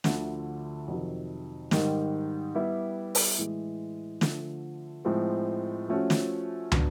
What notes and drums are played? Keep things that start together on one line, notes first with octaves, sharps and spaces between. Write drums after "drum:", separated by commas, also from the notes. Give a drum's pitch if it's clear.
D2 D3 F3 A3, drum: snare
F2 C3 D#3 F#3
G#2 D#3 G3, drum: snare
G3 B3 E4 G4
drum: open hi-hat
A2 E3 G#3
D3 F3 A3, drum: snare
A2 F3 G#3 C4
F3 A3 C#4 F#4
drum: snare
F#3 B3 D4, drum: tom